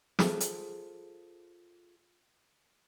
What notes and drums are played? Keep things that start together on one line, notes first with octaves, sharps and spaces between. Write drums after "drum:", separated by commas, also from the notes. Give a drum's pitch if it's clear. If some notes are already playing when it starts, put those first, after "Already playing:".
F4 G#4 A4 C5, drum: snare
drum: hi-hat